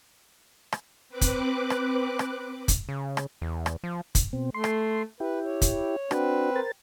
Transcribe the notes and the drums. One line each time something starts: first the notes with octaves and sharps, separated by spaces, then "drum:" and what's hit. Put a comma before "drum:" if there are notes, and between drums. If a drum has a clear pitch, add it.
drum: rim click
C4 B4 D6 F#6
drum: kick, hi-hat
drum: rim click
drum: rim click
drum: kick, hi-hat
C#3
drum: rim click
E2
drum: rim click
F3
drum: kick, hi-hat
B2 C4
A3 C6
drum: rim click
E4 G4 B4
C#5
drum: kick, hi-hat
C4 D4 F#4 B4, drum: rim click
A#4 C5 A6